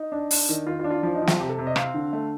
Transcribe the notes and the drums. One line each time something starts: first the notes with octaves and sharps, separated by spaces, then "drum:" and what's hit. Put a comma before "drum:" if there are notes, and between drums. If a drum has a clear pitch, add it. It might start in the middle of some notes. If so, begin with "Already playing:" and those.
Already playing: D#4
D4
D4, drum: open hi-hat
D#3
D#3 F4
F4
D4
F4
F3 F4
D#4
F3
F4, drum: snare
C3 G4
A4
C3
D#5
C4 F5, drum: rim click
D3
A3